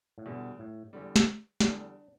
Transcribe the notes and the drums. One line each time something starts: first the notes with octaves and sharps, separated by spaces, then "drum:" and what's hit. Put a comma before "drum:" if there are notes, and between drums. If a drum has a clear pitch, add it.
A2
E2 B2 D3 G3
A2
E2 D3 G3
drum: snare
E2 D3 G3 D4, drum: snare